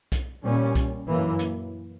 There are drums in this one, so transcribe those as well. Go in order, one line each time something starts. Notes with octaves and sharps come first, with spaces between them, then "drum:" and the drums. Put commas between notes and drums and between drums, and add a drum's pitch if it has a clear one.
drum: kick B1, hi-hat
A#2 G3 C#4
drum: kick B1, hi-hat
F#2 E3 A#3
drum: hi-hat